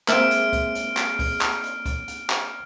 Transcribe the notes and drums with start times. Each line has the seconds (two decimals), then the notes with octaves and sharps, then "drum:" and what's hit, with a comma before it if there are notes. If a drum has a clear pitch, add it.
0.08 G#3 A#3 C4 E5 F6 D7, drum: clap
0.31 drum: hi-hat
0.53 drum: kick C#2, hi-hat
0.75 drum: hi-hat
0.97 drum: clap
1.19 drum: kick C#2, open hi-hat
1.41 drum: clap
1.63 drum: hi-hat
1.86 drum: kick C#2, hi-hat
2.08 drum: hi-hat
2.30 drum: clap